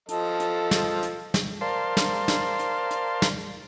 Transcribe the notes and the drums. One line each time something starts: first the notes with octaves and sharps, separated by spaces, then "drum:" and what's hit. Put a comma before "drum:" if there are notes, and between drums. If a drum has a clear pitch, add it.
F3 A4 D#5, drum: hi-hat
drum: hi-hat
drum: snare
drum: hi-hat
drum: snare
A#4 C5 D5 F5 A5 C6
drum: snare
drum: snare
drum: hi-hat
drum: hi-hat
drum: snare